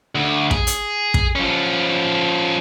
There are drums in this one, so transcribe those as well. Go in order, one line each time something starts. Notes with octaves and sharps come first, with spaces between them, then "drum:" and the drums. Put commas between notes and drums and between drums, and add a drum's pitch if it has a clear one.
D2
G#4, drum: kick
drum: hi-hat
drum: kick
F3 C#4